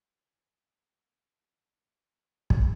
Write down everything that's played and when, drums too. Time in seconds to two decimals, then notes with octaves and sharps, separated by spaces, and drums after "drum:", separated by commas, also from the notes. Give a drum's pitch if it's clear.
0.16 C#3 G#3 G#4 G5 G#5
2.50 drum: kick